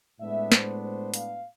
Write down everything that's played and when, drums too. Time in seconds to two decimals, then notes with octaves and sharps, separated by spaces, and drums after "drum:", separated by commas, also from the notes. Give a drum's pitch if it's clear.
0.20 A2 G#3 B3 D4 E5
0.52 C5, drum: snare
0.82 C5
1.14 F5, drum: hi-hat